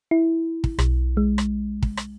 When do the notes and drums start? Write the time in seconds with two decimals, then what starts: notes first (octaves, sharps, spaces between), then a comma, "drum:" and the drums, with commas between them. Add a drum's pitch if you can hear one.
0.11 E4
0.64 drum: kick
0.79 B1, drum: rim click
1.17 G#3
1.38 drum: rim click
1.83 drum: kick
1.97 drum: rim click